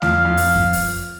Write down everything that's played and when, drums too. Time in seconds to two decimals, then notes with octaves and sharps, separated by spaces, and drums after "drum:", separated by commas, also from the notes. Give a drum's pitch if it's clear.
0.02 F2 F5, drum: snare A3
0.25 F2
0.37 drum: open hi-hat
0.55 drum: kick F#2
0.73 drum: open hi-hat